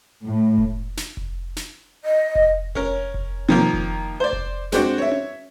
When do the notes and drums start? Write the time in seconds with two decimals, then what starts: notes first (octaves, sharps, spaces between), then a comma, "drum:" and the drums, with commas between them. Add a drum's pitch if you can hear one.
0.25 A2
0.58 drum: kick F1
0.97 drum: snare
1.17 drum: kick F1
1.56 drum: snare
2.05 D#5
2.35 drum: kick F1
2.75 C#4 A#4, drum: kick F1
3.14 drum: kick F1
3.49 D#3 F3 A#3
3.73 drum: kick F1
4.20 C5 D5
4.33 drum: kick F1
4.72 G#3 C4 D4 F#4, drum: snare
4.98 C#5 E5
5.12 drum: tom C#4